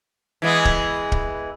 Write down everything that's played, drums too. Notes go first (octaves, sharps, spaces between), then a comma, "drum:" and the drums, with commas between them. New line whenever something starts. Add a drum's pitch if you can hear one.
E3 G#3 B3
drum: kick D1
drum: kick D1